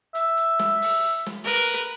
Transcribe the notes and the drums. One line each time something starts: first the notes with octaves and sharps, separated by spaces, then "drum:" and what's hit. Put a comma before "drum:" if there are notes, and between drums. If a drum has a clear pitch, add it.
E5, drum: hi-hat
drum: hi-hat
drum: snare
drum: open hi-hat
drum: hi-hat
drum: snare
A#4 B4
drum: hi-hat